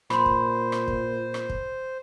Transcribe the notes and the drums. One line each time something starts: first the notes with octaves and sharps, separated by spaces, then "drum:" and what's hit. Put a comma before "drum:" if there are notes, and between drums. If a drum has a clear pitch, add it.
A#2 C5 B5 C6, drum: rim click
drum: kick
drum: rim click
drum: kick
drum: rim click
drum: kick